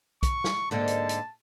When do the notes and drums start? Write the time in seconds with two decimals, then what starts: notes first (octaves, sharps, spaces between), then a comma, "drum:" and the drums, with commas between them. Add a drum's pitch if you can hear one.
0.23 C#6, drum: kick B1, hi-hat
0.44 drum: snare
0.71 G#2 D3 A#3 A5
0.87 drum: hi-hat
1.09 drum: hi-hat